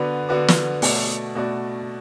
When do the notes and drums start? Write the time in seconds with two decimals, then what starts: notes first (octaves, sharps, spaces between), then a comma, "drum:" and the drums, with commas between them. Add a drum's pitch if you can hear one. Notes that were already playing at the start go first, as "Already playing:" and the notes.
Already playing: D3 B3 F#4 B4 D5
0.29 D3 B3 F#4 B4 D5
0.48 drum: snare
0.82 B2 A3 F#4 D5, drum: open hi-hat
1.35 B2 A3 F#4 D5